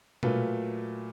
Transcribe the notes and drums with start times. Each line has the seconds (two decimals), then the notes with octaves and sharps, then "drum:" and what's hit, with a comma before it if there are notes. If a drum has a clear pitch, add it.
0.23 A#2 F#3 A3 F4 B4, drum: tom B2